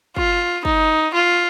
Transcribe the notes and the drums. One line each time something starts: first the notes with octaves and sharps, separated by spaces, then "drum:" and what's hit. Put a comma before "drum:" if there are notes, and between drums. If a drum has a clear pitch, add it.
F4, drum: kick
D#4, drum: kick
F4